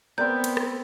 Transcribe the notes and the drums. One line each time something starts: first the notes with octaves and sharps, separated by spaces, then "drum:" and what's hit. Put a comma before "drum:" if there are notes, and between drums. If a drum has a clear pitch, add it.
B3 C4 A#4 D5 G6
drum: cymbal
drum: rim click